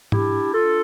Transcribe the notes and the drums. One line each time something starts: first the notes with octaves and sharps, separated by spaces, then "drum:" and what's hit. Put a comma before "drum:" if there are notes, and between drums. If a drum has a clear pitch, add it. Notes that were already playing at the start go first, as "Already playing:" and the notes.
D4 E4 G4, drum: tom G#2
D4 F4 A4